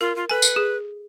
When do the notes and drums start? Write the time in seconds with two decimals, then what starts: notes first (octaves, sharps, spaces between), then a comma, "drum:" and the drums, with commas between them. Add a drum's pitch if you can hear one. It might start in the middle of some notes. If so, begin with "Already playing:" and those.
0.01 F4 A#4
0.16 F4
0.30 A4 B4 G#5
0.42 drum: tambourine
0.56 G#4